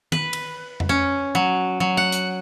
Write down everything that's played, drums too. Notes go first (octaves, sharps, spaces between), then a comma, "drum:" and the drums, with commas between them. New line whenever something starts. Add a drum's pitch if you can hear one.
B4, drum: tom D#3
drum: cymbal
drum: tom F2
C#4
F#3
F#3
F#5
drum: hi-hat